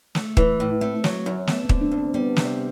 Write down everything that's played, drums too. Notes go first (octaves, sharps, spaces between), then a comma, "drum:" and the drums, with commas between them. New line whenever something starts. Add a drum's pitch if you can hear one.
A3, drum: snare
E3, drum: kick
A2
A3 C4
F#3, drum: snare
F#2
A3 B3, drum: snare
C4
D3, drum: kick
D4
D2
C4
G3 B3
C3, drum: snare